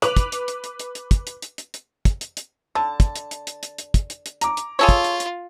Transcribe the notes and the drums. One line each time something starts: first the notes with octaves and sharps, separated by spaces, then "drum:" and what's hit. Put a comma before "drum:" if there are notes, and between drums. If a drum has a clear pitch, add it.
B4 D6 F7 F#7, drum: hi-hat
drum: kick, hi-hat
drum: hi-hat
drum: hi-hat
drum: hi-hat
drum: hi-hat
drum: hi-hat
drum: kick, hi-hat
drum: hi-hat
drum: hi-hat
drum: hi-hat
drum: hi-hat
drum: kick, hi-hat
drum: hi-hat
drum: hi-hat
D3 A5
drum: kick, hi-hat
drum: hi-hat
drum: hi-hat
drum: hi-hat
drum: hi-hat
drum: hi-hat
drum: kick, hi-hat
drum: hi-hat
drum: hi-hat
A#5 D6, drum: hi-hat
drum: hi-hat
F4 G#4 A4 C#5
drum: kick, hi-hat
drum: hi-hat
drum: hi-hat